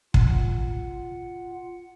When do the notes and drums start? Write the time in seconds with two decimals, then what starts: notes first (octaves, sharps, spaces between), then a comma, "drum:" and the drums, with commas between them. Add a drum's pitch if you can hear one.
0.14 F4 F#5, drum: kick